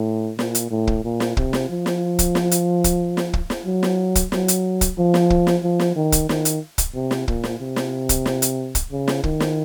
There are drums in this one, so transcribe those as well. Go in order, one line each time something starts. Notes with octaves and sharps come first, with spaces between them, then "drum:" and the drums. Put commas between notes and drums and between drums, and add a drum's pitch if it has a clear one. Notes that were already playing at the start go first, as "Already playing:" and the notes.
Already playing: A2
A#2, drum: snare
drum: hi-hat
A2
drum: kick
A#2
drum: snare
C3, drum: kick
drum: snare
F3
drum: snare
drum: kick, hi-hat
drum: snare
drum: hi-hat
drum: kick, hi-hat
drum: snare
drum: kick
drum: snare
F#3
drum: snare
drum: kick, hi-hat
F#3, drum: snare
drum: hi-hat
drum: kick, hi-hat
F3
drum: snare
drum: kick
drum: snare
F3
drum: snare
D#3
drum: kick, hi-hat
D#3, drum: snare
drum: hi-hat
drum: kick, hi-hat
C3
drum: snare
A#2, drum: kick
drum: snare
C3
drum: snare
drum: kick, hi-hat
drum: snare
drum: hi-hat
drum: kick, hi-hat
C#3
drum: snare
D#3, drum: kick
drum: snare